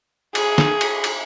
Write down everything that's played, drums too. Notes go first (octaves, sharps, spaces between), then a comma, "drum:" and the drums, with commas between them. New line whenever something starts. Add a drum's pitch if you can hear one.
G#4, drum: cymbal
drum: snare
drum: cymbal
drum: cymbal